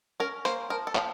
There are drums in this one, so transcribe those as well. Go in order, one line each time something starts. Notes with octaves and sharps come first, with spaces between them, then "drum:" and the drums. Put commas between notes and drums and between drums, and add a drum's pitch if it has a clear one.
C#4 A#4
A#3 C5, drum: hi-hat
F3 A#4
A4
F3, drum: clap